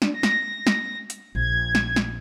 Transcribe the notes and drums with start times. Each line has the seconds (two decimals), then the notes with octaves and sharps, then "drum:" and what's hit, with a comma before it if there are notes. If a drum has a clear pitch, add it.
0.02 D4, drum: snare
0.14 A#6
0.23 drum: snare
0.67 drum: snare
1.10 drum: hi-hat
1.35 A#1 G#6
1.75 drum: snare
1.96 drum: snare